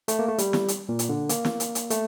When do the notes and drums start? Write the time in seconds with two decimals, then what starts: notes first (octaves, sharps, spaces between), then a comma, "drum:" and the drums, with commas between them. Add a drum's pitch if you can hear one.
0.08 A3, drum: hi-hat
0.19 A#3
0.29 A3
0.38 G3, drum: hi-hat
0.53 drum: snare
0.68 drum: hi-hat
0.89 A#2
0.99 drum: hi-hat
1.09 D3
1.29 A#3, drum: hi-hat
1.45 drum: snare
1.60 drum: hi-hat
1.75 drum: hi-hat
1.90 A3, drum: hi-hat